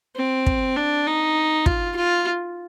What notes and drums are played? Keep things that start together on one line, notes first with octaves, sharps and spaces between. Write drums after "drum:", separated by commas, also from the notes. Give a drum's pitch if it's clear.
C4
drum: kick
D4
D#4
F4, drum: kick
F4